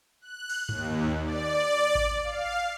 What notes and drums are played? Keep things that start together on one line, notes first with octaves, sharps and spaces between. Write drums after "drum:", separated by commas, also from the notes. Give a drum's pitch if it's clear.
F#6
drum: cymbal
D#2, drum: tom G2
D5
drum: kick G#1
F5